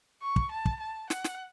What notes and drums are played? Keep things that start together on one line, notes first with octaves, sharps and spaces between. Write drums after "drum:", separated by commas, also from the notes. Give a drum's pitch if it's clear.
C#6
drum: kick
A5
drum: kick
A5
F#5, drum: snare
drum: snare